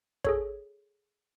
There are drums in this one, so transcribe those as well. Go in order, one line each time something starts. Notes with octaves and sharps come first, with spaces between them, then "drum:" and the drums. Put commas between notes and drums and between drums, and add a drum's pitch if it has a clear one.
G#4 A4 C#5, drum: kick